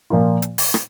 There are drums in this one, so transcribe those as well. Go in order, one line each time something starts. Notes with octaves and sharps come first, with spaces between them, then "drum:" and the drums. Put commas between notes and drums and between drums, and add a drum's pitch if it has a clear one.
A#2 F3 A#3 F4
drum: hi-hat
drum: open hi-hat
drum: rim click